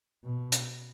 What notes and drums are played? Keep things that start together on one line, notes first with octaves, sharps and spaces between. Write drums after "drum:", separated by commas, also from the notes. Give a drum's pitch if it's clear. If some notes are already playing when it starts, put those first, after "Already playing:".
B2
drum: hi-hat